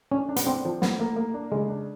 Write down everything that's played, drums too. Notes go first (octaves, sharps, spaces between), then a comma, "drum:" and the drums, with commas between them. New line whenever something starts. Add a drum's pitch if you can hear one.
C#4 D4
D4
B3, drum: hi-hat
C4 D4
F3
A#3 B3, drum: snare
A#3
A#3
D4
C#3 G#3
D4